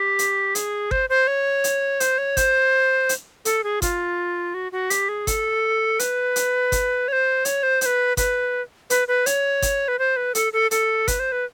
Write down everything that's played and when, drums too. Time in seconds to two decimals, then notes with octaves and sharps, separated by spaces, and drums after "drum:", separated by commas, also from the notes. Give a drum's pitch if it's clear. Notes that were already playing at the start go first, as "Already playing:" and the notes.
Already playing: G4
0.19 drum: hi-hat
0.55 G#4, drum: hi-hat
0.91 C5, drum: kick G1
1.09 C5
1.27 C#5
1.64 drum: hi-hat
2.00 C5, drum: hi-hat
2.18 C#5
2.37 C5, drum: kick G1, hi-hat
3.09 drum: hi-hat
3.45 A4, drum: hi-hat
3.64 G#4
3.82 F4, drum: kick G1, hi-hat
4.54 F#4
4.72 F#4
4.90 G4, drum: hi-hat
5.09 G#4
5.27 A4, drum: kick G1, hi-hat
5.99 B4, drum: hi-hat
6.36 drum: hi-hat
6.72 drum: kick G1, hi-hat
7.08 C#5
7.13 C5
7.45 C#5, drum: hi-hat
7.63 C5
7.81 C5, drum: hi-hat
7.86 B4
8.17 B4, drum: kick G1, hi-hat
8.90 B4, drum: hi-hat
9.08 B4
9.26 C#5, drum: hi-hat
9.62 drum: kick G1, hi-hat
9.88 B4
9.99 C5
10.17 B4
10.35 A4, drum: hi-hat
10.53 A4
10.71 A4, drum: hi-hat
11.08 B4, drum: kick G1, hi-hat
11.20 C5
11.32 B4